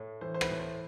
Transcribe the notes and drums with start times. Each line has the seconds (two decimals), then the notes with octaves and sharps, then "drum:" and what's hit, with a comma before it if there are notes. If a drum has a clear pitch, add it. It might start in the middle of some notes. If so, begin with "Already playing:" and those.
Already playing: A2
0.21 E3 C5
0.34 C5
0.41 B4, drum: rim click
0.51 A2
0.60 C5